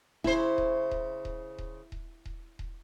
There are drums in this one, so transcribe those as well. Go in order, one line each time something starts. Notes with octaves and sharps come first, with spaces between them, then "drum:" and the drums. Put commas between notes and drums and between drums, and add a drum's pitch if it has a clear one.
C#3 E4 C5, drum: kick D#1
drum: kick D#1
drum: kick D#1
drum: kick D#1
drum: kick D#1
drum: kick D#1
drum: kick D#1
drum: kick D#1